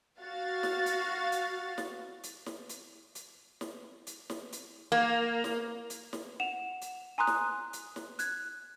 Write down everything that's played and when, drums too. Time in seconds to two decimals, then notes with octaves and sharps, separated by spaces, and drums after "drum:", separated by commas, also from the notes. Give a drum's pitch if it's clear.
0.20 F#4 F5 A6
0.63 drum: snare
0.86 drum: hi-hat
1.32 drum: hi-hat
1.78 drum: snare
2.23 drum: hi-hat
2.46 drum: snare
2.69 drum: hi-hat
3.15 drum: hi-hat
3.61 drum: snare
4.07 drum: hi-hat
4.30 drum: snare
4.52 drum: hi-hat
4.92 A#3
5.44 drum: snare
5.90 drum: hi-hat
6.13 drum: snare
6.40 F#5 E7 F7
6.81 drum: hi-hat
7.18 G#5 A#5 C6 D#6 F#6
7.27 drum: snare
7.73 drum: hi-hat
7.96 drum: snare
8.19 F#6 G#6, drum: hi-hat